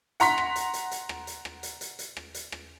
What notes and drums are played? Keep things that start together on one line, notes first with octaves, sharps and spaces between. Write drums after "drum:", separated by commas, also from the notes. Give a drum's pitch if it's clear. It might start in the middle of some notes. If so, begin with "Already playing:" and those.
F#5 A#5 C6 B6, drum: hi-hat
drum: rim click
drum: hi-hat
drum: hi-hat
drum: hi-hat
drum: rim click
drum: hi-hat
drum: rim click
drum: hi-hat
drum: hi-hat
drum: hi-hat
drum: rim click
drum: hi-hat
drum: rim click